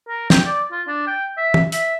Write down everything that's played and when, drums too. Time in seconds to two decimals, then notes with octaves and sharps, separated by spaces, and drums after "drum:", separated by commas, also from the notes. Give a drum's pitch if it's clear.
0.08 A#4
0.30 G5, drum: snare
0.45 D5
0.72 F4
0.87 D4
1.07 G5
1.37 E5
1.54 drum: tom
1.72 E5, drum: hi-hat